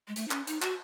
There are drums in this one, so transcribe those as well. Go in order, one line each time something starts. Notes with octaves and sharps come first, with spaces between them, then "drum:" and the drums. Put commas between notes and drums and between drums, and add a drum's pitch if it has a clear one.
G#3
A3, drum: hi-hat
D#4
C#4, drum: clap
D#4, drum: hi-hat
F#4, drum: clap